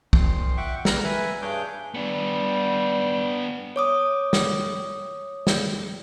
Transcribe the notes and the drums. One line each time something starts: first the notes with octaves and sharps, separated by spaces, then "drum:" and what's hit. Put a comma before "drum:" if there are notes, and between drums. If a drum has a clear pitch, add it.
A#2 D#3 F3 C6, drum: kick
E5 F#5 G5 C#6 D6
A#3 B3 A#4 A#5, drum: snare
B4 E5 G#5
G2 D4 G#4 C#5 D6 G6
G3 B3 D4
C#5 D6 D#6
drum: snare
drum: snare